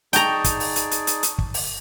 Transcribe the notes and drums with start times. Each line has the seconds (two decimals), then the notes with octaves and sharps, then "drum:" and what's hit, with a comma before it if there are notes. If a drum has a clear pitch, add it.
0.13 D#4 G#4 D5 G5 A5 A#5 C#6, drum: hi-hat
0.44 drum: kick, hi-hat
0.60 drum: open hi-hat
0.76 drum: hi-hat
0.91 drum: hi-hat
1.07 drum: hi-hat
1.23 drum: hi-hat
1.38 drum: kick
1.54 drum: open hi-hat